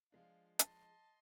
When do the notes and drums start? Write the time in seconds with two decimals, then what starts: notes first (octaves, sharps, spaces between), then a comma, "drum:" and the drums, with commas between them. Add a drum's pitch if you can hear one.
0.12 F3 G#3 D4 F4 F5
0.59 D#5 A5 C6, drum: hi-hat